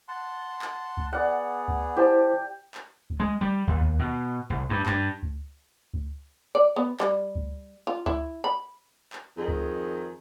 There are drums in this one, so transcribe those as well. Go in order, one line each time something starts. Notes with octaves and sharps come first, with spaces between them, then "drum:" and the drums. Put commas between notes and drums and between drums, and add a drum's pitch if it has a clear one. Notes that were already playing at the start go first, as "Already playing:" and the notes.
F#5 A5 C6
drum: clap
drum: kick C#2
B3 G#4 D5 F#5
drum: kick C#2
E4 G4 C5 A5
drum: clap
drum: kick C#2
G#3
G3
D#2
drum: kick C#2
B2
C2
G2
G2, drum: clap
drum: kick C#2
drum: kick C#2
D5
B3
G3, drum: clap
drum: kick C#2
F4
E4, drum: kick C#2
B5
drum: clap
F2 D#3 G#4
drum: kick C#2